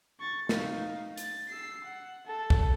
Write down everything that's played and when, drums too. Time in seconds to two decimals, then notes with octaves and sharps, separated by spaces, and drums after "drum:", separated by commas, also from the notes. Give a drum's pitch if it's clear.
0.20 C#6 A6
0.49 D#4 F5, drum: snare
1.17 A6, drum: hi-hat
1.49 E6 C7
1.84 F#5
2.26 A4 A5
2.50 drum: kick